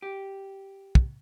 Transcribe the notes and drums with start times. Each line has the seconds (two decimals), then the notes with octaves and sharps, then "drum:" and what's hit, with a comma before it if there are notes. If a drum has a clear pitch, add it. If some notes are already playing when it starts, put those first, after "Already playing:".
0.02 G4
0.95 drum: kick